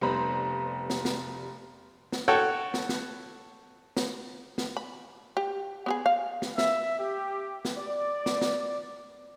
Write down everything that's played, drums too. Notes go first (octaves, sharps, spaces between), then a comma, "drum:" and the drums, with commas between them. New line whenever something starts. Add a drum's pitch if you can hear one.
F1 G3 B3 C5 A#5 B5
drum: snare
drum: snare
drum: snare
F#4 A4 C#5 G5
drum: snare
drum: snare
drum: snare
drum: snare
B5
G4
B3 G4 G#4
F5
drum: snare
E5, drum: snare
G4
drum: snare
D5
drum: snare
drum: snare